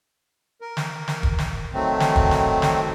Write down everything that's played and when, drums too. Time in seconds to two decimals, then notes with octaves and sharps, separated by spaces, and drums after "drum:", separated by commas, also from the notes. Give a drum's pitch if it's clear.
0.61 A#4
0.77 drum: snare
1.08 drum: snare
1.23 drum: kick
1.38 drum: snare
1.73 D#3 F#3 A3 C4
2.00 drum: snare
2.16 drum: kick
2.31 drum: snare
2.62 drum: snare